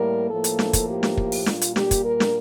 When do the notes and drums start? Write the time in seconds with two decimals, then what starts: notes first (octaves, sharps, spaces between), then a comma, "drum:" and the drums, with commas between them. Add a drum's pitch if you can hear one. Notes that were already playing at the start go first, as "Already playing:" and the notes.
Already playing: A2 G3 A#3 A#4
0.29 A2 F3 A#3 A4
0.44 drum: hi-hat
0.59 drum: snare
0.73 drum: kick, hi-hat
0.88 G4
1.03 drum: snare
1.17 drum: kick
1.32 drum: open hi-hat
1.46 A#2 G3 A#3 F4, drum: snare
1.61 drum: hi-hat
1.76 G4, drum: snare
1.91 drum: kick, hi-hat
2.05 A#4
2.20 drum: snare